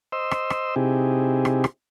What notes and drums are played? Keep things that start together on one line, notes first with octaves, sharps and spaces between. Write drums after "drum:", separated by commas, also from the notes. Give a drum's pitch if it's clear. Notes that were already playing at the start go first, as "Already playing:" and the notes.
C5 D#5 C6 E6
drum: rim click
drum: rim click
C3 C4 D#4 E4 G4 G#4
drum: rim click
drum: rim click